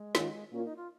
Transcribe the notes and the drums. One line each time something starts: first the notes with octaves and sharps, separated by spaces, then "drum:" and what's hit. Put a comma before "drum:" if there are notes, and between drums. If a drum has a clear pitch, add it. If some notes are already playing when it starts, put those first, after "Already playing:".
Already playing: G#3
D#3 C#4 F4, drum: snare
A#2 A#3 C#4 F4
D#4
F4